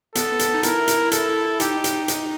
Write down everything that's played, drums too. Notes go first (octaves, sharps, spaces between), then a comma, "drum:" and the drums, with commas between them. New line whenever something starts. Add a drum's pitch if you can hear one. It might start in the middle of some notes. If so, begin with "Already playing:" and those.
B3 A4, drum: hi-hat
drum: hi-hat
D#4
E4 A#4, drum: hi-hat
drum: hi-hat
A4, drum: hi-hat
D#4 G4, drum: hi-hat
drum: hi-hat
drum: hi-hat